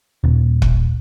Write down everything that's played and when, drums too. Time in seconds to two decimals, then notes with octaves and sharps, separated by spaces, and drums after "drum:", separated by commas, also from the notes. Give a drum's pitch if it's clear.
0.24 D#1
0.62 drum: kick